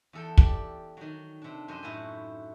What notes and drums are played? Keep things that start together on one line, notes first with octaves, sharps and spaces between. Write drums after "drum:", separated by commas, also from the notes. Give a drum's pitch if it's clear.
E2 A4 G5
G4 D5, drum: kick
D#3 F#3
C3 D4
F#2 C5 D#5
A2 D#4 E4 F#4 G#5